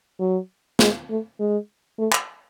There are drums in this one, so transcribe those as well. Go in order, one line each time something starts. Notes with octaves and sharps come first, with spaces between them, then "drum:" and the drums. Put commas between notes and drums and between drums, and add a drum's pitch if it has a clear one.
F#3
G#3, drum: snare
A3
G#3
A3
drum: clap